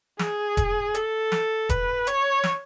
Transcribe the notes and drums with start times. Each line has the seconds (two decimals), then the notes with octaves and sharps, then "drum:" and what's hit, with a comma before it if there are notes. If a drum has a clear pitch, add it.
0.19 G#4, drum: snare
0.57 drum: kick E1, hi-hat
0.94 A4, drum: hi-hat
1.32 drum: snare
1.69 B4, drum: kick E1, hi-hat
2.07 C#5, drum: hi-hat
2.44 drum: snare